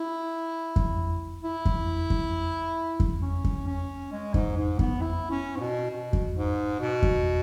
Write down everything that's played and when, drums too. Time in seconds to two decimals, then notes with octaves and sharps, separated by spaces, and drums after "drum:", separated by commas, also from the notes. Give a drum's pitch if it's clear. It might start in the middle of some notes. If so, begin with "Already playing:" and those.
Already playing: E4
0.76 drum: kick F2
1.43 E4
1.65 drum: kick F2
2.10 drum: kick F2
3.00 drum: kick F2
3.22 C#4
3.44 drum: kick F2
3.67 C#4
4.12 G#3
4.34 G#2, drum: kick F2
4.57 G#2
4.79 B3, drum: kick F2
5.01 E4
5.31 C#4
5.57 G#2
5.61 B2
5.90 B2
6.13 drum: kick F2
6.35 G#2
6.80 B2
7.03 drum: kick F2